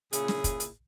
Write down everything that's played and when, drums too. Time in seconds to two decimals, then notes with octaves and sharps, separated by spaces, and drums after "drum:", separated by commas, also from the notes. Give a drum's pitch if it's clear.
0.13 A#2 C#3 E4 G#4, drum: hi-hat
0.28 drum: snare
0.44 drum: kick, hi-hat
0.60 drum: hi-hat